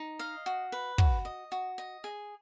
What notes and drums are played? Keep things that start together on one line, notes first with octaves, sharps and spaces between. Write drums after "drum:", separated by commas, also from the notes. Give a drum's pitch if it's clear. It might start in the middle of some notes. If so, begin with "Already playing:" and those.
Already playing: D#4
D#5 F5
F#4
B4
F#4, drum: kick
D#5
F#4
D#5
G#4